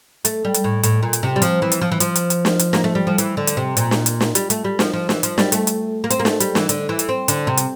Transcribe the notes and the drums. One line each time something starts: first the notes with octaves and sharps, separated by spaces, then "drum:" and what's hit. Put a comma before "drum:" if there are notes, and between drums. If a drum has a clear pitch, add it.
A3, drum: hi-hat
G3
drum: hi-hat
A2
A2, drum: hi-hat
A#2
drum: hi-hat
C3
G3
F3, drum: hi-hat
E3
drum: hi-hat
F3
E3
F3, drum: hi-hat
drum: hi-hat
drum: hi-hat
drum: snare
drum: hi-hat
A#3, drum: snare
A3
G3
F3
E3, drum: hi-hat
D3
drum: hi-hat
C3
A#2, drum: hi-hat
drum: snare
drum: hi-hat
drum: snare
G3, drum: hi-hat
A3, drum: hi-hat
G3
F3, drum: snare
F3
E3, drum: snare
F3, drum: hi-hat
G3, drum: snare
A3, drum: hi-hat
drum: hi-hat
A#3
C4, drum: hi-hat
A#3
A3, drum: snare
G3, drum: hi-hat
E3, drum: snare
D3, drum: hi-hat
E3
drum: hi-hat
C4
D3, drum: hi-hat
C3
drum: hi-hat